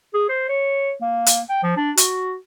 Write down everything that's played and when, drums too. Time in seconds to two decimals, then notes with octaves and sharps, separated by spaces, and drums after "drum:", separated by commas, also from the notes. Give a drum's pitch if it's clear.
0.14 G#4
0.29 C5
0.49 C#5
1.01 A#3
1.26 drum: hi-hat
1.50 G5
1.63 F3
1.77 D4
1.97 F#4, drum: hi-hat